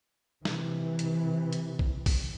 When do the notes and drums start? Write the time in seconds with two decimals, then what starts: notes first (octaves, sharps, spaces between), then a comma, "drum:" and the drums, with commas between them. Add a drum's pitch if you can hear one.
0.45 C3 E3, drum: snare
0.99 drum: hi-hat
1.53 drum: hi-hat
1.79 drum: kick
2.06 drum: kick, open hi-hat